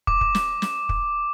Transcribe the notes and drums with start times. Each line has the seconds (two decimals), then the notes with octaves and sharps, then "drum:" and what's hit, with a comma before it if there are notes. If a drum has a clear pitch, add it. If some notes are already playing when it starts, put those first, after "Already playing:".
0.07 D6, drum: kick
0.21 drum: kick
0.35 drum: snare
0.62 drum: snare
0.89 drum: kick